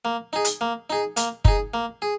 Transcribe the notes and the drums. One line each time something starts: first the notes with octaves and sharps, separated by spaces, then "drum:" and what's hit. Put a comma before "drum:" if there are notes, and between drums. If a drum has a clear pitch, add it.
A#3
D#4 G#4
drum: hi-hat
A#3
D#4 G#4
A#3, drum: hi-hat
D#4 G#4, drum: kick
A#3
G#4